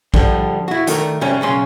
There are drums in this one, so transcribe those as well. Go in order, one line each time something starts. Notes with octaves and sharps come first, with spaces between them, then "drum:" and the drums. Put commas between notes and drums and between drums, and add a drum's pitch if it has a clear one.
D3 F3 G3, drum: kick
E4 F#4
D#3 A3 A#4 D5, drum: hi-hat
C3 G3 C#4
B1 C#3 C#4 C6